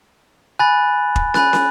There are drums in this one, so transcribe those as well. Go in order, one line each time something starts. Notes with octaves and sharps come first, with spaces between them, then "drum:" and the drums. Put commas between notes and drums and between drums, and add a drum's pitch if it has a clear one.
G#5 B5 F#6 A6
drum: kick
G#5 B5 F#6 A6, drum: snare
drum: snare